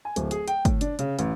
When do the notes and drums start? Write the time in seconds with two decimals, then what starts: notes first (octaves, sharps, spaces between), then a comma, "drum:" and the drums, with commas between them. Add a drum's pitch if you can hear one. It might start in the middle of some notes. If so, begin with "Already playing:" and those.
0.05 G#5
0.16 D1, drum: hi-hat
0.31 G#4, drum: hi-hat
0.48 G5, drum: hi-hat
0.65 A2, drum: kick, hi-hat
0.81 D4, drum: hi-hat
0.99 C#3, drum: hi-hat
1.19 A1, drum: hi-hat